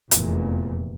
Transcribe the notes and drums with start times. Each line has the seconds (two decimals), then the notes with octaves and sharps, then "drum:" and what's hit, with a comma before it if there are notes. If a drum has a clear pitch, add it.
0.11 F1 E2 A#2, drum: hi-hat